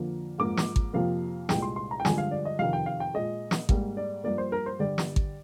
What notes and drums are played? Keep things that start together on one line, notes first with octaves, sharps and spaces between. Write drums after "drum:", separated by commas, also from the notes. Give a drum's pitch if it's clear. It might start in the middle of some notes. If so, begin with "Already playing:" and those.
Already playing: F2 D3 F3 A#3
G#2 F3 A#3 D6
drum: snare
drum: kick G#1
F2 C3 F3 A#3 F5
C2 A#2 G#3 G5, drum: snare
C6
C6
A#5
G5
G2 D3 F3 G#3 G#5, drum: snare
F5
D5
D#5
F2 C3 D#3 F5
G5
F5
G5
A#2 G#3 D#5
drum: snare
G#2 G3 A#3, drum: kick G#1
D5
G2 F3 A#3 D5
C5
A#4
C5
G2 D3 G3 D5
drum: snare
drum: kick G#1